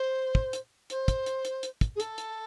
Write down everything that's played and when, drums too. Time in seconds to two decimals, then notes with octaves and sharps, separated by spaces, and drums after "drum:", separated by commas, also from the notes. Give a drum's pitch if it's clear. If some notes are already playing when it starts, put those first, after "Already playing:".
Already playing: C5
0.35 drum: kick
0.53 drum: hi-hat
0.90 C5, drum: hi-hat
1.08 drum: kick, hi-hat
1.26 drum: hi-hat
1.45 drum: hi-hat
1.63 drum: hi-hat
1.81 drum: kick, hi-hat
1.95 G#4
2.00 A4, drum: hi-hat
2.18 drum: hi-hat